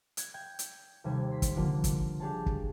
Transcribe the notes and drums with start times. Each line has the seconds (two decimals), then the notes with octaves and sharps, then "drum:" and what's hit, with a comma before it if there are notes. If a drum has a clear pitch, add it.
0.17 F#6 G#6, drum: hi-hat
0.34 G5 G#6
0.59 drum: hi-hat
1.04 D#2 C3 G3 G#6
1.31 C6 B6
1.42 drum: kick, hi-hat
1.56 D3 F3 A#3 F4
1.84 drum: kick, hi-hat
2.20 D4 G4 G#4 C#5 A5
2.46 drum: kick